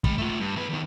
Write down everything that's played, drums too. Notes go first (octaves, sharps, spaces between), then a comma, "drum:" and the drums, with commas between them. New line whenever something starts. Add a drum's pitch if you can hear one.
G#3 B5, drum: kick
A3 F4
G2
E2 B4
E2 D#3